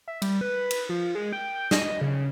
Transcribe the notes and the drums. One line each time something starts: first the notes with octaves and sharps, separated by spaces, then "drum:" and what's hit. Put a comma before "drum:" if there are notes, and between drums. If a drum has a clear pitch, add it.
E5
G3, drum: cymbal
B4
drum: cymbal
F3
G#3
G5
G5
D#5, drum: snare
C#3